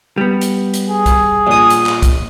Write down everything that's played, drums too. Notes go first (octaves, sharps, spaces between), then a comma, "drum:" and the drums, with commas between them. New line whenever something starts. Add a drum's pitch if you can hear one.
G3 B3
drum: hi-hat
drum: hi-hat
G#4
drum: kick C2, hi-hat
A#1 D#6
drum: hi-hat
drum: clap
drum: kick C2, hi-hat